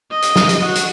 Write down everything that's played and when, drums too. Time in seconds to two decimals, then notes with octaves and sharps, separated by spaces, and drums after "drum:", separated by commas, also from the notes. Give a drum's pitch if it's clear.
0.11 D#5
0.22 drum: hi-hat
0.36 drum: snare
0.49 drum: hi-hat
0.62 F#4
0.75 drum: hi-hat